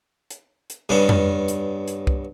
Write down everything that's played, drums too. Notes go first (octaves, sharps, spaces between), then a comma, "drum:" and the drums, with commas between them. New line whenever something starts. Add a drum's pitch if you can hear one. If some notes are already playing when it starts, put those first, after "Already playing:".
drum: hi-hat
drum: hi-hat
G2 C#3 B3 C#4
drum: tom F2
drum: hi-hat
drum: hi-hat
drum: kick C2